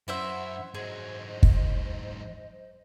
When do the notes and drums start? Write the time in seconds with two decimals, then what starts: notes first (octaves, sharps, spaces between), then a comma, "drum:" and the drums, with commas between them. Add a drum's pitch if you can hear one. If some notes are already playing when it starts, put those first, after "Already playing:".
0.08 F#2 E4 C5 E5 F#5
0.75 G#2 F#3 G#4 C5 D#5
1.43 drum: kick